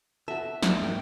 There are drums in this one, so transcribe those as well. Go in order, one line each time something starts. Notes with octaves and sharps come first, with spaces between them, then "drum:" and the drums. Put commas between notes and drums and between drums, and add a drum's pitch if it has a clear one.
F#4 A4 E5
drum: snare
G#2 A#4 G5